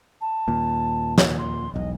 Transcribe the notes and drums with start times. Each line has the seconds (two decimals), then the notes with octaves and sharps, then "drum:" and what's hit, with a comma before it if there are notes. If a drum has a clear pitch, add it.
0.21 A5
0.48 D#2 A#2
1.18 drum: snare
1.38 C6
1.74 E1 B1 D#5